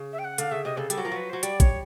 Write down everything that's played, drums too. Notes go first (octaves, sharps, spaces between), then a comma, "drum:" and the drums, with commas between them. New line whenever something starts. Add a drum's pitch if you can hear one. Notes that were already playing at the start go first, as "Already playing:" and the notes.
Already playing: C#3
E5
G5
F#5
D3 F5, drum: hi-hat
C#3 E5
C3 D#5
C#3 A4
G3 A4, drum: hi-hat
F#3
F3 A#4
F#3 B4
F#3 C5
G3 D5, drum: hi-hat
C#5, drum: kick A#1, hi-hat